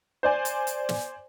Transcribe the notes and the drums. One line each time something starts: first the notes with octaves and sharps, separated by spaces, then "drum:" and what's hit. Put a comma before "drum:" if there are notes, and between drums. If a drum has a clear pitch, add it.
C5 D5 G#5
drum: hi-hat
drum: hi-hat
drum: snare